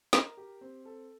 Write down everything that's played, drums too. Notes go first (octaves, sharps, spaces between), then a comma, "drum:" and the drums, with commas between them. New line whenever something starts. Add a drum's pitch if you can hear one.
A#4, drum: snare
G4
C4
A4